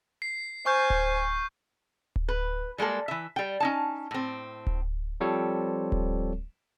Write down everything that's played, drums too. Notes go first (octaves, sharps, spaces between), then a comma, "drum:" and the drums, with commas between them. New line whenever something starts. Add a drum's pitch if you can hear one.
C7
C5 G#5 C#6 F6 G6
drum: kick D1
drum: kick D1
B4
G3 G#3 A#3 A4
E3 E5
G3 G5
C#4 D#4 A5
A2 C4
drum: kick D1
F3 G3 C4 A4 C#5
drum: kick D1